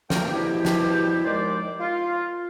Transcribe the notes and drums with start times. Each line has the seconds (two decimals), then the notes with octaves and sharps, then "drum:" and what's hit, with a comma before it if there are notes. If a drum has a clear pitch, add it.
0.10 D3 F3 A3 A#3 A#4 G5, drum: snare
0.29 G2 B2 F3 E4 G4
0.65 drum: snare
1.24 D#2 D#3 F3 G#3 C5 D5
1.80 F4